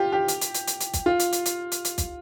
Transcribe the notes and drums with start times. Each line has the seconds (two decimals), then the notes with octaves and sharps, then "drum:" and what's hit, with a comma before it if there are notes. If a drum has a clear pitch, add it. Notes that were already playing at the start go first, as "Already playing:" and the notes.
Already playing: F4 G4
0.12 G4
0.28 drum: hi-hat
0.41 drum: hi-hat
0.54 drum: hi-hat
0.67 drum: hi-hat
0.81 drum: hi-hat
0.94 drum: kick, hi-hat
1.06 F4
1.20 drum: hi-hat
1.33 drum: hi-hat
1.46 drum: hi-hat
1.72 drum: hi-hat
1.85 drum: hi-hat
1.98 drum: kick, hi-hat